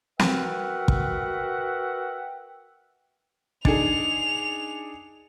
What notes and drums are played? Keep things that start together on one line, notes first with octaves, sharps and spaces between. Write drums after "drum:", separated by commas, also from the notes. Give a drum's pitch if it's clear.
F#4 A#4 B4 E5 F#5 G5, drum: snare
drum: kick
D4 D#4 G#4 G#5 C#7 F7, drum: kick